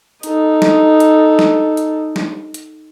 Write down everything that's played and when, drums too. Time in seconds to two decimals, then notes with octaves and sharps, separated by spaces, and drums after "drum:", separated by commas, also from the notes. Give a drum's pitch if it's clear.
0.23 D#4 A4, drum: hi-hat
0.62 drum: snare
1.00 drum: hi-hat
1.39 drum: snare
1.77 drum: hi-hat
2.16 drum: snare
2.54 drum: hi-hat